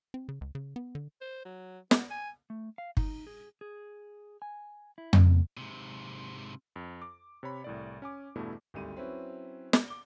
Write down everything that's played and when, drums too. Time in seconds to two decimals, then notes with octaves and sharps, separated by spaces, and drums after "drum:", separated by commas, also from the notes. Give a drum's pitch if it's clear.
0.14 C4
0.29 C#3
0.41 C#2
0.55 C#3
0.76 B3
0.95 D3
1.21 C5
1.45 F#3
1.91 B3, drum: snare
2.11 G#5
2.50 A3
2.78 F5
2.97 D#4, drum: kick
3.27 G#4
3.61 G#4
4.42 G#5
4.98 E4
5.13 drum: tom F2
5.57 G#2 C3
6.76 F2
7.02 D6
7.43 C3 C#5 B5
7.64 C2 A2 D5
8.02 C#4 G#5 D6
8.35 E2 G2 B2 A3 E4
8.74 G#1 D2 G3 D#7
8.96 F#3 C4 C#4 E4 B4
9.73 drum: snare
9.88 D6 G7